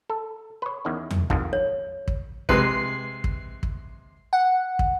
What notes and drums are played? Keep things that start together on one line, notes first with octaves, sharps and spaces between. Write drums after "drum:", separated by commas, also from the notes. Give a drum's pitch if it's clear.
A4
B4 C#5
E2 D#3 C#4
drum: tom E2
G#1 F2 G#2, drum: kick
C#5
drum: kick
C3 G#3 B4 C7, drum: kick
drum: kick
drum: kick
F#5
drum: kick